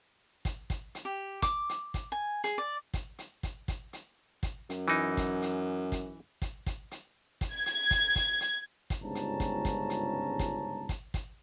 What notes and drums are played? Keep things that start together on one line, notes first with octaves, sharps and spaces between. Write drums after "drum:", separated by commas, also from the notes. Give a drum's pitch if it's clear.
drum: kick, hi-hat
drum: kick, hi-hat
drum: hi-hat
G4
D6, drum: kick, hi-hat
drum: hi-hat
drum: kick, hi-hat
G#5
G#4, drum: hi-hat
D5
drum: kick, hi-hat
drum: hi-hat
drum: kick, hi-hat
drum: kick, hi-hat
drum: hi-hat
drum: kick, hi-hat
F#2, drum: hi-hat
E3 D#4
drum: kick, hi-hat
drum: hi-hat
drum: kick, hi-hat
drum: kick, hi-hat
drum: kick, hi-hat
drum: hi-hat
drum: kick, hi-hat
G#6
drum: hi-hat
drum: kick, hi-hat
drum: kick, hi-hat
drum: hi-hat
drum: kick, hi-hat
G1 C#2 G#2 C#4 A5 A#5
drum: hi-hat
drum: kick, hi-hat
drum: kick, hi-hat
drum: hi-hat
drum: kick, hi-hat
drum: kick, hi-hat
drum: kick, hi-hat